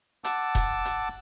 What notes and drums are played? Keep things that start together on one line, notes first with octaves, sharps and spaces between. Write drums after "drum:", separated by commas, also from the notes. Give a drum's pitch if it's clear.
F#5 A5 D6 E6, drum: hi-hat
drum: kick E1, hi-hat
drum: hi-hat